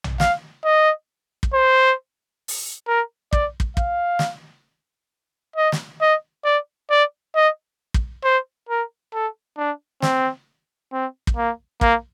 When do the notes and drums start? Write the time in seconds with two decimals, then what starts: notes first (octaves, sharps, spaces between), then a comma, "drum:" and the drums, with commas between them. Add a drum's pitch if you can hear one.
0.04 drum: tom A#1
0.20 F5, drum: snare
0.64 D#5
1.43 drum: kick
1.53 C5
2.48 drum: open hi-hat
2.87 A#4
3.33 D5, drum: kick
3.60 drum: kick
3.77 F5, drum: kick
4.19 drum: snare
5.56 D#5
5.72 drum: snare
6.01 D#5
6.45 D5
6.90 D5
7.35 D#5
7.94 drum: kick
8.24 C5
8.69 A#4
9.14 A4
9.58 D4
10.02 C4, drum: snare
10.93 C4
11.27 drum: kick
11.37 A#3
11.81 A#3, drum: kick